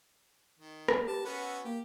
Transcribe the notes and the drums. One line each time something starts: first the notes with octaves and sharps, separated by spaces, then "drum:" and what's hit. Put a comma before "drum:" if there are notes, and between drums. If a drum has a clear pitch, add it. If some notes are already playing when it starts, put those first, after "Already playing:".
D#3
drum: rim click
G4 A5
B3 C#4 F#4 B5
E6
A#3 G4